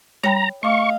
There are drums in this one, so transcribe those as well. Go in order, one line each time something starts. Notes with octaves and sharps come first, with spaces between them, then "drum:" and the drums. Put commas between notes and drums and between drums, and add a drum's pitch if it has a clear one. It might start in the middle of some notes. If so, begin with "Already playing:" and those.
C#5 G5 A#5 B5, drum: tom G3
A3 D#5 F5 C#6 D6